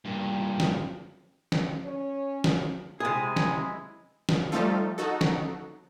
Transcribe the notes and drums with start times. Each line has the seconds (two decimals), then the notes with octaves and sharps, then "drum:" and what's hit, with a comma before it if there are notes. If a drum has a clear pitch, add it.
0.05 G2 A#2
0.60 drum: snare
1.52 drum: snare
1.85 C#4 C#5
2.44 drum: snare
3.00 C3 G#3 E4 G#4 G#5
3.36 drum: snare
4.29 drum: snare
4.52 F3 G3 A3 D#4 F4 A4
4.98 D#4 F#4 A4
5.21 drum: snare